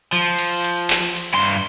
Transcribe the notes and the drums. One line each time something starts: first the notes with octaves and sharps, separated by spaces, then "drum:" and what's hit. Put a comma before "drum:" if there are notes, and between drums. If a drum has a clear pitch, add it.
F3
drum: cymbal
drum: cymbal
drum: clap
drum: cymbal
G2 C6